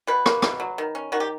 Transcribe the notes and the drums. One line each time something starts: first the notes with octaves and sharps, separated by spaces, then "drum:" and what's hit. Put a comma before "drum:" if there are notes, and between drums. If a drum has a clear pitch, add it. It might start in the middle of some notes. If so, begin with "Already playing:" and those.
B2 B4
A#3, drum: rim click
B2, drum: rim click
F#3
D#3
C#4
D#3 F#4
G4